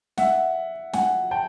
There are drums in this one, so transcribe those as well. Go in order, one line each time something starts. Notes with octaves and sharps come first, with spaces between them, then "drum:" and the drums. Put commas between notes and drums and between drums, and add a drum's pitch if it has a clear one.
E5 F#5, drum: snare
F#5 G#5, drum: snare
G5 A5